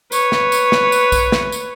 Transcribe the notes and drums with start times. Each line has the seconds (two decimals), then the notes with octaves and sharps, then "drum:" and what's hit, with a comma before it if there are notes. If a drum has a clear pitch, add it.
0.12 B4 C#5, drum: tambourine
0.32 drum: snare
0.52 drum: tambourine
0.72 drum: snare
0.92 drum: tambourine
1.12 drum: kick B1, tambourine
1.32 drum: snare
1.52 drum: tambourine